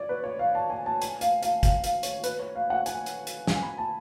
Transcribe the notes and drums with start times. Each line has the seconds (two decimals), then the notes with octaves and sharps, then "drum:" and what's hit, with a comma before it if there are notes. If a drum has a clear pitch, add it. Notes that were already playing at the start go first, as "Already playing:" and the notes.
Already playing: C#5 D5
0.09 B4
0.24 C#5
0.39 F5
0.55 A5
0.70 G#5
0.86 A5
1.02 G#5, drum: hi-hat
1.21 F5, drum: hi-hat
1.43 F5, drum: hi-hat
1.63 F5, drum: kick, hi-hat
1.84 F5, drum: hi-hat
2.03 C#5, drum: hi-hat
2.24 B4, drum: hi-hat
2.39 C#5
2.55 F5
2.70 F#5
2.86 G#5, drum: hi-hat
3.06 drum: hi-hat
3.27 drum: hi-hat
3.47 G#5, drum: snare
3.63 B5
3.78 A5